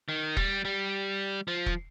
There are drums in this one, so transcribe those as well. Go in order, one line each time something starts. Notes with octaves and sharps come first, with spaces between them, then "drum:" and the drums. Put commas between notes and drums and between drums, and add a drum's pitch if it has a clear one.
D#3
G3, drum: kick E1
G3
F3
drum: kick E1